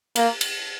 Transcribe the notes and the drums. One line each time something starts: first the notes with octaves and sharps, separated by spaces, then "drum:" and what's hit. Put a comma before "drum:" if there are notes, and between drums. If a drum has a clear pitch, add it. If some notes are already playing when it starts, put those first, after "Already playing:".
A#3, drum: cymbal
drum: cymbal